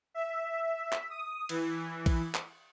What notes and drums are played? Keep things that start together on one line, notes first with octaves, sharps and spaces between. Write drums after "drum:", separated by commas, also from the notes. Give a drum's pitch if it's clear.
E5
drum: clap
D#6
E3, drum: cymbal
drum: kick A#1, cymbal
drum: clap